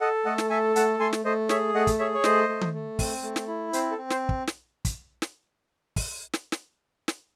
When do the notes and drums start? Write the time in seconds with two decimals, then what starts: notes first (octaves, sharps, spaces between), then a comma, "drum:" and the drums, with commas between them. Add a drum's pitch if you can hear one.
0.01 A4 D#5 F#5
0.25 A3 D#5 F#5
0.38 drum: snare
0.50 A4 E5 G#5
0.76 A3 F#5 A5, drum: hi-hat
1.00 A3 G#5 C6
1.13 drum: snare
1.25 A3 C5 D#5
1.49 G#4 C#5 E5, drum: snare
1.74 A3 D#5 F#5
1.87 drum: kick, hi-hat
1.99 G#4 C#5 E5
2.15 C#5
2.24 A3 C5 D#5, drum: snare
2.49 A3
2.61 drum: tom D#3
2.73 A3
2.99 C4, drum: kick, open hi-hat
3.23 A3
3.36 drum: snare
3.48 E4
3.73 C4 C5, drum: hi-hat
3.91 A4
3.98 C4
4.10 C5, drum: snare
4.29 drum: kick
4.47 drum: snare
4.85 drum: kick, hi-hat
5.22 drum: snare
5.96 drum: kick, open hi-hat
6.33 drum: snare
6.52 drum: snare
7.08 drum: snare